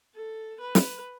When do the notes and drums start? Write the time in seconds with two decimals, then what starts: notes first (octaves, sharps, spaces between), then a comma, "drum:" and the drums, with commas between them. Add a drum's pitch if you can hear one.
0.15 A4
0.61 B4
0.75 drum: snare